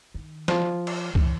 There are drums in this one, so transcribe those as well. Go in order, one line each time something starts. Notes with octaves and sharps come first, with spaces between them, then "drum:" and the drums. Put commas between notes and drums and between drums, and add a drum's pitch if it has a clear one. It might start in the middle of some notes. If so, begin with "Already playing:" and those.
D#3
F3, drum: snare
drum: cymbal
E3, drum: kick C#2